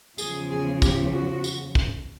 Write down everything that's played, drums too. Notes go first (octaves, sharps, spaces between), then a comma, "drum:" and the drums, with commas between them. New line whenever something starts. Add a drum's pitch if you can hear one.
E2 C#3 F3 G#4, drum: tambourine
G#4
G4, drum: kick, tambourine
F#4
drum: tambourine
drum: kick